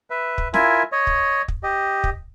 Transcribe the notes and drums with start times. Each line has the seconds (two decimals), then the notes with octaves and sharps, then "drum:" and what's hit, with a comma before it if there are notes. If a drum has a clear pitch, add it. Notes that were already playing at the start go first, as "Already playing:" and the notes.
0.10 B4 E5
0.38 drum: kick
0.54 E4 F4 A#4 E5 G#5, drum: snare
0.92 C#5 D#5
1.07 drum: kick
1.48 drum: kick
1.63 G4 D#5
2.04 drum: kick